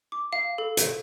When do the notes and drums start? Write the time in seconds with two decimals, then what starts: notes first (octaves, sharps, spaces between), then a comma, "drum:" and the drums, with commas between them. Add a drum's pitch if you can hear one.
0.12 D6
0.33 F5
0.58 A4
0.77 drum: hi-hat